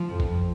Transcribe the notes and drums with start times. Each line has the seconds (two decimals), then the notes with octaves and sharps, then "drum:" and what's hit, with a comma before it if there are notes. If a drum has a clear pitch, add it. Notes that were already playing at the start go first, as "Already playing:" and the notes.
Already playing: F3
0.09 F2
0.20 drum: kick A1